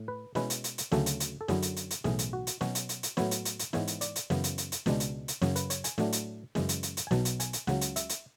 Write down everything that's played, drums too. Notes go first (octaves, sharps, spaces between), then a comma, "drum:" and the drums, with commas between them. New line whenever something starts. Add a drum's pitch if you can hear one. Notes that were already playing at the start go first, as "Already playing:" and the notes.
Already playing: A2
B4
B2 G#3 C#4 E4 B4, drum: snare
drum: hi-hat
drum: hi-hat
drum: hi-hat
D2 C#3 F#3 A3 C#4 A4, drum: snare
drum: hi-hat
drum: hi-hat
A4
F#2 D3 F#3 C#4 E4 G#4, drum: snare
drum: hi-hat
drum: hi-hat
drum: hi-hat
B1 A2 E3 G#4, drum: snare
drum: hi-hat
F#4
drum: hi-hat
B2 F#3 C#4 F#4, drum: snare
drum: hi-hat
drum: hi-hat
drum: hi-hat
A2 F#3 B3 E4 C#5, drum: snare
drum: hi-hat
drum: hi-hat
drum: hi-hat
G#2 E3 G#3 B3 E4 C#5, drum: snare
drum: hi-hat
D5, drum: hi-hat
drum: hi-hat
F#2 C#3 E3 B3, drum: snare
drum: hi-hat
drum: hi-hat
drum: hi-hat
C#2 B2 G#3 D4, drum: snare
drum: hi-hat
drum: hi-hat
F#2 C#3 F#3 C#5, drum: snare
B4, drum: hi-hat
C#5, drum: hi-hat
G#5, drum: hi-hat
A2 F#3 A3 D4, drum: snare
drum: hi-hat
F#2 C#3 E3 G#3, drum: snare
drum: hi-hat
drum: hi-hat
drum: hi-hat
G#5
B1 B2 F#3 A5, drum: snare
drum: hi-hat
G#5, drum: hi-hat
drum: hi-hat
C#2 C#3 F#3 F#5, drum: snare
drum: hi-hat
E5, drum: hi-hat
drum: hi-hat